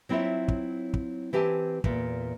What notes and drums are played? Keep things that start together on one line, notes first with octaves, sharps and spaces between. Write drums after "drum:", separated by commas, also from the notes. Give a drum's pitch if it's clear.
F#3 C4 E4 F4 C#5 E5
drum: kick
drum: kick
E3 C4 G4 G#5 A5
E2 A#2, drum: kick